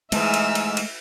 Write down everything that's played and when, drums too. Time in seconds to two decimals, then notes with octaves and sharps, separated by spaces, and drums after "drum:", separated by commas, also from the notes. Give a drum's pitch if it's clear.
0.12 G#2 E3 G#3 A3 E5 E6 F6, drum: cymbal
0.34 drum: cymbal
0.55 drum: cymbal
0.77 drum: cymbal